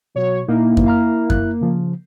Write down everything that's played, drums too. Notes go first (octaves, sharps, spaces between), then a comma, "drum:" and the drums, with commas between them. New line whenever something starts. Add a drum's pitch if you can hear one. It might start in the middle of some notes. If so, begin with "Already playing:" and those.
B2 F#3 C#5
A#2 A#3 D#4 E4
drum: kick F#2
F5 A#5 F6
F#6, drum: kick F#2
C#3 F3